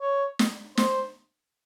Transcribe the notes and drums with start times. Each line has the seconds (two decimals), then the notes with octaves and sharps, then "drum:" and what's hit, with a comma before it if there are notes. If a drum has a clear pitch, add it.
0.01 C#5
0.39 drum: snare
0.77 C5, drum: snare